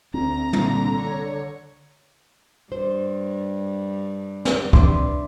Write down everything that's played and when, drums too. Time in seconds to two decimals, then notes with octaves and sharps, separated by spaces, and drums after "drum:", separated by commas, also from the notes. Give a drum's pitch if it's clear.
0.14 D2 C4 A#5
0.53 C2 A#2 D3, drum: tom
1.02 C#5
2.72 G2 C5
4.45 drum: snare
4.73 C3 D4 E4 B4 D5 C6, drum: kick C#2